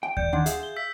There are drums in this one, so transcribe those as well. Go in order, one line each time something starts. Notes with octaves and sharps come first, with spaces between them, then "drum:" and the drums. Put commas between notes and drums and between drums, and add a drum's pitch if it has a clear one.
G5
D5 G6 C#7 D7, drum: kick D#2
D#3 D4 F#5 C6 G#6
G#4 E5 F5, drum: hi-hat
G7
E6 B6